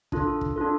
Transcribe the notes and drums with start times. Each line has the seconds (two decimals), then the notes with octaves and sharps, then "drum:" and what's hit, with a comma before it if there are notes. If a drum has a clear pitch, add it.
0.12 D4 F4 A4, drum: kick
0.41 drum: kick
0.56 D4 F4 A4